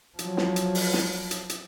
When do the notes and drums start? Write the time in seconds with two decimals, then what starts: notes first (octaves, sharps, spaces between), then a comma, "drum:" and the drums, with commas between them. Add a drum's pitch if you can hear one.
0.19 F3 F#3, drum: hi-hat
0.37 drum: snare
0.56 drum: hi-hat
0.75 drum: open hi-hat
0.93 drum: snare
1.31 drum: hi-hat
1.49 drum: hi-hat